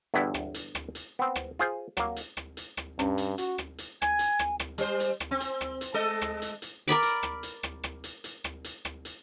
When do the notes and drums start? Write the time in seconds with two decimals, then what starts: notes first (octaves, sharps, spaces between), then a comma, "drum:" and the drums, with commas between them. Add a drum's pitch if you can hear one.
0.14 G1 E2 G2 B3 E4
0.34 drum: rim click
0.54 drum: hi-hat
0.75 drum: rim click
0.95 drum: hi-hat
1.19 B3 C4
1.35 drum: rim click
1.59 F4 G#4 C5
1.97 F#3 A#3, drum: rim click
2.16 drum: hi-hat
2.37 drum: rim click
2.57 drum: hi-hat
2.77 drum: rim click
2.99 G2 C#4, drum: rim click
3.18 drum: hi-hat
3.38 F#4, drum: hi-hat
3.58 drum: rim click
3.78 drum: hi-hat
4.02 G#5 G#6, drum: rim click
4.19 drum: hi-hat
4.39 drum: rim click
4.59 drum: rim click
4.78 G3 C5, drum: hi-hat
5.00 drum: hi-hat
5.20 drum: rim click
5.31 C4
5.40 drum: hi-hat
5.61 drum: rim click
5.81 drum: hi-hat
5.94 G#3 A4 D#5
6.21 drum: rim click
6.42 drum: hi-hat
6.62 drum: hi-hat
6.88 A#4 D5 B5 D6
7.02 drum: hi-hat
7.23 drum: rim click
7.43 drum: hi-hat
7.63 drum: rim click
7.83 drum: rim click
8.04 drum: hi-hat
8.24 drum: hi-hat
8.44 drum: rim click
8.64 drum: hi-hat
8.85 drum: rim click
9.05 drum: hi-hat